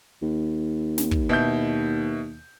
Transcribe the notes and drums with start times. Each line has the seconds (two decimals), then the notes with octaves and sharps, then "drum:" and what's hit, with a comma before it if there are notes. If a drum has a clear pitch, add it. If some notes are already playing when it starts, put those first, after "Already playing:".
0.22 D#2
0.98 drum: snare
1.11 drum: kick
1.29 B2 E4 G6